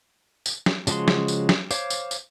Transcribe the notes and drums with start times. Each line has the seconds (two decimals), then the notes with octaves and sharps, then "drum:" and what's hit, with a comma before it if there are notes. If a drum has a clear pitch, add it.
0.46 drum: tambourine
0.66 drum: snare
0.87 C#3 F3 G#3 F#4 C6, drum: tambourine
1.08 drum: snare
1.28 drum: tambourine
1.49 drum: snare
1.71 C5 C#5 F5 D6, drum: tambourine
1.90 drum: tambourine
2.11 drum: tambourine